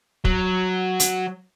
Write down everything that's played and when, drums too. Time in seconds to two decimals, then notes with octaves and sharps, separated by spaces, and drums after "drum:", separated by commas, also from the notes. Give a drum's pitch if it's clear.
0.25 F#3, drum: kick
1.00 drum: hi-hat